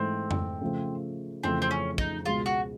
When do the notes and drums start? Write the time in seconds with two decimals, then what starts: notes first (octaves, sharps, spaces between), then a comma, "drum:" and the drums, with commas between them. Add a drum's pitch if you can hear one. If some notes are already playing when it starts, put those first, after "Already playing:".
Already playing: G#2 E3 A3 C4
0.31 drum: tom F2
0.61 C#3 F3 A3
1.43 F2 C#3 E3 A3 C4
1.62 C4
1.71 C#4
1.98 D#4, drum: kick
2.25 C#2 B2 G#3 F4
2.46 F#4